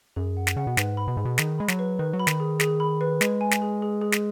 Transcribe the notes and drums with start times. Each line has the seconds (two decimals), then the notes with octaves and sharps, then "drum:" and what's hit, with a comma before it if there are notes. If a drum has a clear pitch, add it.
0.16 F#2 G#4
0.37 F#5
0.47 drum: snare
0.57 C#3 F#5
0.67 B2
0.77 G#2 B4, drum: snare
0.97 B5
1.08 B2
1.17 G#2 G#4
1.25 B2
1.38 D#3 G#4, drum: snare
1.58 G#3 B5
1.68 F#3, drum: snare
1.79 B4
1.99 D#3 B4
2.13 F#3
2.19 B5
2.27 D#3, drum: snare
2.40 G#4
2.60 G#4, drum: snare
2.80 B5
3.01 B4
3.21 G#3 B4, drum: snare
3.41 G#5
3.51 drum: snare
3.62 G#4
3.82 G#4
4.02 G#4
4.12 drum: snare